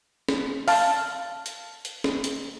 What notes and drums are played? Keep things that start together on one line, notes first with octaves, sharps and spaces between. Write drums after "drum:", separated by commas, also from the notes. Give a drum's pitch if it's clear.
drum: snare
F5 A5, drum: open hi-hat
drum: hi-hat
drum: hi-hat
drum: snare
drum: hi-hat